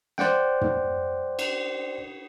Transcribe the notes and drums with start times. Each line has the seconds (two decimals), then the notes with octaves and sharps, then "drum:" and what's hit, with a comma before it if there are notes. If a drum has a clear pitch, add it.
0.18 C5 D5 F#5 G5, drum: snare
0.61 drum: tom
1.39 drum: cymbal